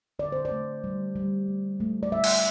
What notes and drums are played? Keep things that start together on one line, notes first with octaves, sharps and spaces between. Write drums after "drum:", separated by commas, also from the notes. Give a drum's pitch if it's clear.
D3 D5
C5
D5
A3
G3
G3
A3
A3
D5
A3 E5
drum: cymbal